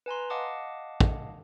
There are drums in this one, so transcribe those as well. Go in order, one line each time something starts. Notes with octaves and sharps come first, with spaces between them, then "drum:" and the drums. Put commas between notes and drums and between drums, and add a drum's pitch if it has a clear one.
B4 G#5 A#5 C6
D#5 F5 F#5 A5 D6 D#6
drum: kick